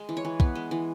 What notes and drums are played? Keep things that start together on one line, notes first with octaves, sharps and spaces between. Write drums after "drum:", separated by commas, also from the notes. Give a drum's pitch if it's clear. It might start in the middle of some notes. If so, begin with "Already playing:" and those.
Already playing: G#3
E3
C#5
E3
B3, drum: kick
G#3
E3